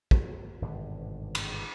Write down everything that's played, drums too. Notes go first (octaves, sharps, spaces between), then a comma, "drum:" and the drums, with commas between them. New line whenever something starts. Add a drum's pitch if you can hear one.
drum: kick
G#1 G2 B2 D3
drum: cymbal